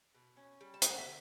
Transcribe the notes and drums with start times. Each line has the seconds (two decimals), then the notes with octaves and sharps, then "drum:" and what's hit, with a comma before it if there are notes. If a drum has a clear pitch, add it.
0.15 B2
0.37 C#4
0.61 G3
0.74 A5
0.82 D3 G5, drum: hi-hat
0.90 F#5
0.98 E5
1.05 D3